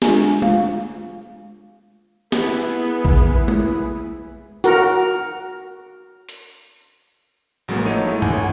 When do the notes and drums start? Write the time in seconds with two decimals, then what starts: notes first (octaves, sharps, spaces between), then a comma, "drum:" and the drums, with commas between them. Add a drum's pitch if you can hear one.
0.02 G#3 D4 F4 G#4 G#5 A#5, drum: snare
0.42 F4 F5, drum: tom
2.32 B3 E4 G#4 B4, drum: snare
3.05 drum: kick A#1
3.48 drum: tom
4.64 F#4 A#4, drum: hi-hat
6.29 drum: hi-hat
7.68 A1 F#3 G#3 A#3 B3
7.85 F3 A3 A#3 D#4 C#5 D#7
8.05 G#3 A3 E4
8.22 G1 F#5 G#5, drum: tom G2